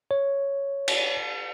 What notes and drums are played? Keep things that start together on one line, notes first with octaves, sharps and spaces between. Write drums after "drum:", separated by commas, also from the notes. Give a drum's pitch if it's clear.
C#5
drum: cymbal